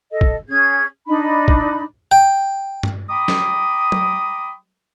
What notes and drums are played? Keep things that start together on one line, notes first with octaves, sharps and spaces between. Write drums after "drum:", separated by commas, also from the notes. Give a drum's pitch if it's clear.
A4 D#5
drum: kick
C#4 G#4 G#6
D4 D#4 B5
drum: kick
G5
drum: tom G2
G5 A#5 B5 D6 D#6
drum: snare
drum: tom